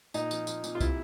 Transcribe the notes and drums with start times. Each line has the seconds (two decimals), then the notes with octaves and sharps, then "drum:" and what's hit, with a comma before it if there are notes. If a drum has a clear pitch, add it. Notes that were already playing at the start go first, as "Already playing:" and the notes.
0.14 A#2 D#4, drum: tambourine
0.31 F3, drum: tambourine
0.47 F3, drum: tambourine
0.64 A#2, drum: tambourine
0.75 F4
0.80 C3 E4, drum: kick C2, tambourine